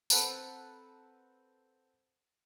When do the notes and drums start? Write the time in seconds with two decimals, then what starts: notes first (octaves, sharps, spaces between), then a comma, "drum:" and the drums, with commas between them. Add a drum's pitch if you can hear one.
0.10 C4 A4 B4 F#5 A5 A#5, drum: tambourine